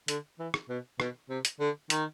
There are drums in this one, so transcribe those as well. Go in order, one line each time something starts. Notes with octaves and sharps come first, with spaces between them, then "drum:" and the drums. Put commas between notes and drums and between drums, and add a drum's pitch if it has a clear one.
D3, drum: hi-hat
E3
drum: rim click
B2
B2, drum: rim click
C3
drum: hi-hat
D3
D#3, drum: hi-hat